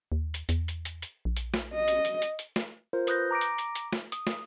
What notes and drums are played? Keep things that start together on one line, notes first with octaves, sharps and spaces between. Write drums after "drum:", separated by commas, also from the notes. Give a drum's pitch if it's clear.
D#2
drum: hi-hat
E2, drum: hi-hat
drum: hi-hat
drum: hi-hat
drum: hi-hat
A#1
drum: hi-hat
drum: snare
D#5
drum: hi-hat
drum: hi-hat
drum: hi-hat
drum: hi-hat
drum: snare
F4 A#4 C5
B4 D#6 F#6 G6 A#6, drum: hi-hat
A#5 D6 A#6 D7
drum: hi-hat
drum: hi-hat
drum: hi-hat
drum: snare
D#6, drum: hi-hat
drum: snare